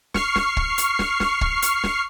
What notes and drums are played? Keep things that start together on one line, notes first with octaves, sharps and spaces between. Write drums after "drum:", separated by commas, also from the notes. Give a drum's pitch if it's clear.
C#6 F6 C7, drum: snare
drum: snare
drum: kick
drum: hi-hat
drum: snare
drum: snare
drum: kick
drum: hi-hat
drum: snare